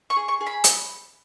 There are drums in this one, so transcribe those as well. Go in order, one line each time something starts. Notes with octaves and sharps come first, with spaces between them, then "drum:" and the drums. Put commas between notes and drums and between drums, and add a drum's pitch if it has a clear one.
C#6
G#4
C#6
G#4
B5
drum: hi-hat